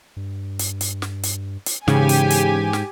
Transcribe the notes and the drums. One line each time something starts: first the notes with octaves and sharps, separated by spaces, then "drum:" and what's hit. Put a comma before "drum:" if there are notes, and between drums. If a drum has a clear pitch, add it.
G2
drum: hi-hat
drum: hi-hat
drum: snare
drum: hi-hat
drum: hi-hat
G#2 C#3 E3 G4 G#5, drum: snare
drum: hi-hat
drum: hi-hat
drum: snare